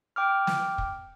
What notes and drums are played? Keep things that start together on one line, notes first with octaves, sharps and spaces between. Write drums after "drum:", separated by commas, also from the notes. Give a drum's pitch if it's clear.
G5 D6 F6
drum: snare
drum: kick